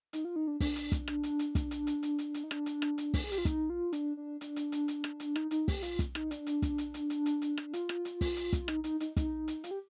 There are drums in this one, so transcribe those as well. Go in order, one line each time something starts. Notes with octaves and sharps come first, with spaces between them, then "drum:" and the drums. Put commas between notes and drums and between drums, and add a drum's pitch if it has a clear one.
D#4, drum: hi-hat
F4
D#4
D4
D4, drum: kick, open hi-hat
drum: hi-hat
drum: kick, hi-hat
drum: rim click
drum: hi-hat
drum: hi-hat
drum: kick, hi-hat
drum: hi-hat
drum: hi-hat
drum: hi-hat
drum: hi-hat
drum: hi-hat
D#4
D4, drum: rim click
drum: hi-hat
drum: rim click
drum: hi-hat
drum: kick, open hi-hat
G#4
G4, drum: hi-hat
F4
D#4, drum: kick, hi-hat
F4
D4, drum: hi-hat
D4
D4, drum: hi-hat
drum: hi-hat
drum: hi-hat
drum: hi-hat
drum: rim click
drum: hi-hat
D#4, drum: rim click
D#4, drum: hi-hat
G4, drum: kick, open hi-hat
F4, drum: hi-hat
drum: kick, hi-hat
D#4, drum: rim click
D4, drum: hi-hat
drum: hi-hat
drum: kick, hi-hat
drum: hi-hat
drum: hi-hat
drum: hi-hat
drum: hi-hat
drum: hi-hat
drum: rim click
F4, drum: hi-hat
drum: rim click
drum: hi-hat
drum: kick, open hi-hat
drum: hi-hat
drum: kick, hi-hat
D#4, drum: rim click
D#4, drum: hi-hat
D#4, drum: hi-hat
D#4, drum: kick, hi-hat
drum: hi-hat
F4, drum: hi-hat
G4